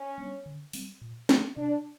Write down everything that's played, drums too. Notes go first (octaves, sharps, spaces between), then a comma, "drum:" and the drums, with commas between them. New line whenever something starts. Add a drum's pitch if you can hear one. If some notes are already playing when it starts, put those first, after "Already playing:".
Already playing: C#4
G3 B3 D4
D3
G3 C4, drum: open hi-hat
A#2
F3 A3 D4, drum: snare
C3 D4